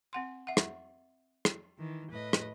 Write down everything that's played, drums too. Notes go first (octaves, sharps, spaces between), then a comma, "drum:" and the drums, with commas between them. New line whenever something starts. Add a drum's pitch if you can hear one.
C4 F#5 C6
E5 F#5
drum: rim click
drum: rim click
D#3 E3
A2 B4 D#5
drum: rim click